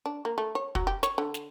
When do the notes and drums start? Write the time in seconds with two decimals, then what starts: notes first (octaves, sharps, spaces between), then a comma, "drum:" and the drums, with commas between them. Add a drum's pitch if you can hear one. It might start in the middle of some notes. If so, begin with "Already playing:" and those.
0.06 D4
0.25 A#3
0.38 A3
0.55 C#5
0.75 F#3, drum: kick
0.87 G4
1.03 C#5, drum: snare
1.18 D3
1.34 drum: snare